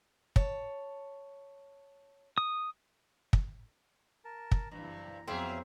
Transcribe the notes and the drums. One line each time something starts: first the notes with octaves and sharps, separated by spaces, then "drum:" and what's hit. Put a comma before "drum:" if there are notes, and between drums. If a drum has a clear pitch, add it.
C#5 A5, drum: kick
D#6
drum: kick
A#4 A5
drum: kick
F#1 G2 C3 E3 A#5
F2 F#3 B3 C4 E4 G#4 E5 F5